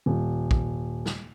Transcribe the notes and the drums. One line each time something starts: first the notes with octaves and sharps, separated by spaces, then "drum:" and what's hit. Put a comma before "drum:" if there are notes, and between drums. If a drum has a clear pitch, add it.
D#1
drum: kick
drum: snare